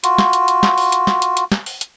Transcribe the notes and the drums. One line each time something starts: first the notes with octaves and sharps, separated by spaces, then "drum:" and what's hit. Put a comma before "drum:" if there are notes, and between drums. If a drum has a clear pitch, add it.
F4 F#4, drum: hi-hat
drum: snare
drum: hi-hat
drum: hi-hat
drum: snare
drum: open hi-hat
drum: hi-hat
drum: snare
drum: hi-hat
drum: hi-hat
drum: snare
drum: open hi-hat
drum: hi-hat